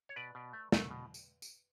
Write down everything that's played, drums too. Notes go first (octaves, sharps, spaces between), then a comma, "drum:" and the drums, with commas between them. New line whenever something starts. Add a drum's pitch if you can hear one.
C#5
B2 B4 D5
B2
A3
A3, drum: snare
B2
drum: tambourine
drum: tambourine